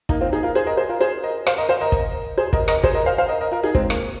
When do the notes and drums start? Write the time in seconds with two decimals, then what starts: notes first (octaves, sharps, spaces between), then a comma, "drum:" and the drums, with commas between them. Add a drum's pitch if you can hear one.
0.09 A#3 D#4, drum: kick
0.21 C4 F4
0.32 D#4 G#4
0.43 F4 A#4
0.55 G#4 C5
0.67 A#4 D#5
0.77 G#4 C5
0.89 F4 A#4
1.00 G#4 C5
1.23 A#4 D#5
1.47 C5 F5, drum: rim click
1.58 A#4 D#5
1.69 C5 F5
1.81 A#4 D#5
1.92 drum: kick
2.38 G#4 C5
2.53 A#4 D#5, drum: kick
2.68 A#4 D#5, drum: rim click
2.84 G#4 C5, drum: kick
2.95 A#4 D#5
3.06 C5 F5
3.18 C5 F5
3.29 A#4 D#5
3.41 A#4 D#5
3.51 F4 A#4
3.63 D#4 G#4
3.75 G#3 C4, drum: kick
3.90 A#3, drum: rim click